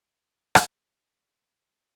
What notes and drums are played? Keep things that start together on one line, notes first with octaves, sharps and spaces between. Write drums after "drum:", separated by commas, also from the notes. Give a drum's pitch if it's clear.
D6 G6 A6
drum: rim click
G#4 G#5 A5 D#6
G#2
C2